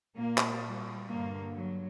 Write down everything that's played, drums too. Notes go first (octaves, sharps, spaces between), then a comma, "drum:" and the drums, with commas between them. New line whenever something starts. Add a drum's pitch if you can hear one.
A#2 A#3
drum: clap
G3
G2 D3 A#3
F#3